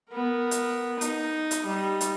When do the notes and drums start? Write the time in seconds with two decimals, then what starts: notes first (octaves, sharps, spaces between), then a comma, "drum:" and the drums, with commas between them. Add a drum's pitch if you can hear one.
0.11 B3 A#4
0.51 drum: hi-hat
1.01 D#4, drum: hi-hat
1.51 drum: hi-hat
1.67 G3 D#4
2.01 drum: hi-hat